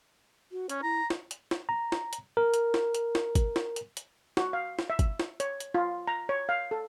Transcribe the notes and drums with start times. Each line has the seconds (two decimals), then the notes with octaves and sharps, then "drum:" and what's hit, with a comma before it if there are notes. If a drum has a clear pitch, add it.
0.52 F#4
0.69 C#4 C#5, drum: hi-hat
0.83 E4 A#5
1.10 drum: snare
1.31 drum: hi-hat
1.51 drum: snare
1.69 A#5
1.92 drum: snare
2.13 drum: hi-hat
2.37 A#4
2.54 drum: hi-hat
2.74 drum: snare
2.94 drum: hi-hat
3.15 drum: snare
3.35 drum: kick, hi-hat
3.56 drum: snare
3.76 drum: hi-hat
3.97 drum: hi-hat
4.37 F#4, drum: snare
4.53 F5
4.79 drum: snare
4.90 E5
4.99 drum: kick, hi-hat
5.20 drum: snare
5.40 C#5, drum: hi-hat
5.60 drum: hi-hat
5.74 F4
6.07 A#5
6.29 C#5
6.49 F5
6.71 A4